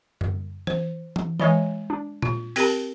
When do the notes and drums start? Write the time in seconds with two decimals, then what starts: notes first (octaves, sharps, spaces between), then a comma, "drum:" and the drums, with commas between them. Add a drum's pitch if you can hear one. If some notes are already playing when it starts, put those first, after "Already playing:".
0.21 drum: tom F#2
0.67 C5, drum: tom E3
1.16 drum: tom E3
1.40 E3 G#3 C#5 D#5 G#5 B5
1.90 D4
2.22 F4, drum: tom A#2
2.56 C4 G4 A#4 A5 A#6, drum: open hi-hat